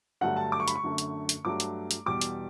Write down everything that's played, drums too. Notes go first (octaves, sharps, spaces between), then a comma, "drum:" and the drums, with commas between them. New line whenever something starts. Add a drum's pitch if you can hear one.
G2 D3 F#3 A3 F#5
A5
D6
C#6
B5, drum: hi-hat
C#6
F#2 D3 A3
drum: hi-hat
drum: hi-hat
G2 F#3 A3 D6
drum: hi-hat
drum: hi-hat
E2 B2 G3 D6
drum: hi-hat